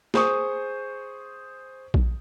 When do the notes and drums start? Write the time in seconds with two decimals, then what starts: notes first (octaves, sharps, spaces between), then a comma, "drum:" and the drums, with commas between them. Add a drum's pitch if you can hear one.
0.14 G#4 C5 C#6 D#6, drum: snare
1.94 drum: kick A#1